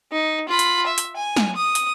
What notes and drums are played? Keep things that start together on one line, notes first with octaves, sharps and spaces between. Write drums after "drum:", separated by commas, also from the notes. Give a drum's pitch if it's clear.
D#4
F4 B5
drum: hi-hat
E5
drum: hi-hat
G#5
drum: snare
D#6
drum: hi-hat